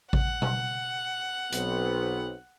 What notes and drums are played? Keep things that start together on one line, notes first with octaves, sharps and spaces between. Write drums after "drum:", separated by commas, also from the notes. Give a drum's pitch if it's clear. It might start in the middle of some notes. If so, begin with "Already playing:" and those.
F#5, drum: kick A1
drum: tom B2
B1 B3 C4, drum: hi-hat